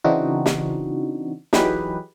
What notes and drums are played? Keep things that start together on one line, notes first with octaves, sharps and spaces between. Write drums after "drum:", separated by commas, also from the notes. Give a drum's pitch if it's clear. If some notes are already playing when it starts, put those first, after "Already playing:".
C#3 E3 C4 D4 D#4 F#4
drum: snare
E3 F#3 D#4 G4 G#4 B4, drum: snare